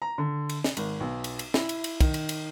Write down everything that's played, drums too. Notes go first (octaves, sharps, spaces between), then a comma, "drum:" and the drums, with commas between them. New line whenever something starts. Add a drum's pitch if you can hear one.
A#5
D3
drum: cymbal
drum: snare
G#1, drum: cymbal
B1
drum: cymbal
drum: cymbal
E4, drum: snare
drum: cymbal
drum: cymbal
D#3, drum: kick, cymbal
drum: cymbal
drum: cymbal